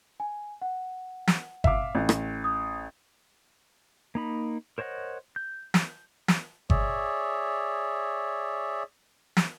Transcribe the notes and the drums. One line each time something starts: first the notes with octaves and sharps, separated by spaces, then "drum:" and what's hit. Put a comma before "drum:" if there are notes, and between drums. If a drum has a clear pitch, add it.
G#5
F#5
drum: snare
E5 F5 D6, drum: kick G1
A1
drum: rim click
D#6
A#3 D#4 B5
A#4 C5 C#5 D#5 F#5
G6
drum: snare
drum: snare
G#4 C#5 D5 E5, drum: kick G1
drum: snare